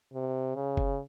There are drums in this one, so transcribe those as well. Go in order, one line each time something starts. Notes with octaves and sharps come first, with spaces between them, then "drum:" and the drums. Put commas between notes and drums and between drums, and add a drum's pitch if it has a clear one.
C3
C#3
drum: kick F#1